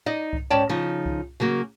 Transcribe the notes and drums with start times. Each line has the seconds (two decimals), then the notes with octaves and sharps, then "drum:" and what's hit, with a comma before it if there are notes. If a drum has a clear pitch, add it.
0.06 D#4 D5 D#5
0.33 drum: kick C2
0.50 G#2 C#4 C#5 D5 G5 A5
0.69 C#3 F3 D#4
1.06 drum: kick C2
1.40 C#3 F#3 A#3 F#4